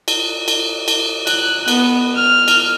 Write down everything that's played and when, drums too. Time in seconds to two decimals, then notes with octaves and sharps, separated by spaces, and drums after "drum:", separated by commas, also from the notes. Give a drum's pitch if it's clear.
0.08 drum: cymbal
0.48 drum: cymbal
0.88 drum: cymbal
1.27 F#6, drum: cymbal
1.68 B3, drum: cymbal
2.16 F6
2.48 drum: cymbal